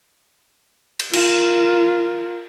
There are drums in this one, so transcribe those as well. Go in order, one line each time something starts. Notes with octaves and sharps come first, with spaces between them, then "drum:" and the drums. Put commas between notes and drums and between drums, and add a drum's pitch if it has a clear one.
drum: cymbal
F4 A#4, drum: cymbal